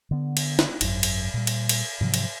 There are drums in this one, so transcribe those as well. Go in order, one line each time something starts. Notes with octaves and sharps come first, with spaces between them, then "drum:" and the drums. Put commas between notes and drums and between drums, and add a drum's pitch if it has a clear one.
D3 B3
drum: cymbal
drum: snare
G#1 F#2, drum: cymbal
drum: cymbal
A#2 G3
drum: cymbal
drum: cymbal
G#2 C3 F3 F#3
drum: cymbal